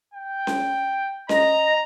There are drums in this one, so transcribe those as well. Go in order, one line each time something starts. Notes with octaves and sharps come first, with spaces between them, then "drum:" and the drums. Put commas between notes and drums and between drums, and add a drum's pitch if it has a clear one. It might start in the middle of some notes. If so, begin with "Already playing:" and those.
G5
drum: snare C#4
D#5 A#5, drum: snare C#4